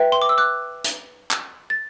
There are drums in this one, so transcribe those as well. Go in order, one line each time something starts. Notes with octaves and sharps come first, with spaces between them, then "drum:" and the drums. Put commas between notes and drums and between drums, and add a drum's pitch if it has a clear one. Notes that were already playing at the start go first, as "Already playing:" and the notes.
Already playing: B4 E5 G5
C6
D6
E6
D6 F#6
drum: hi-hat
drum: clap
A6